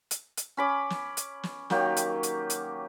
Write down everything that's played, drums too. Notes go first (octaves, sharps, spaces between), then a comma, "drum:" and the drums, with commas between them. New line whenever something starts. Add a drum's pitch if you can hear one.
drum: hi-hat
drum: hi-hat
C#4 B5 D6
drum: snare
drum: hi-hat
drum: snare
D#3 F#3 A#3 G4, drum: snare
drum: hi-hat
drum: hi-hat
drum: hi-hat